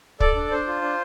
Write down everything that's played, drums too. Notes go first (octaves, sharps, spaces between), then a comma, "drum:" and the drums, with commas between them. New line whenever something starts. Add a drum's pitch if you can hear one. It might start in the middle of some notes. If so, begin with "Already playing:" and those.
A4 D5, drum: kick
D4
D4 C5
F4
D4